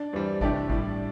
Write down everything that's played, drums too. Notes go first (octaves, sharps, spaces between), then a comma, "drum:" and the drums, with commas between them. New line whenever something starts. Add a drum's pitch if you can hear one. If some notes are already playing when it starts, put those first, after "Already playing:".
Already playing: D4 D5
G2 E3 G3 C4
C3 A3 D4 E4 G4 D5, drum: kick G#1
A2 G3 E4, drum: kick G#1